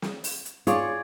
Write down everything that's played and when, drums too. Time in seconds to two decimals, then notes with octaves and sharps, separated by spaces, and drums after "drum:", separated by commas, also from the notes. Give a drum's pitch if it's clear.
0.02 drum: snare
0.24 drum: open hi-hat
0.45 drum: hi-hat
0.67 F4 G#4 C#5 D5, drum: hi-hat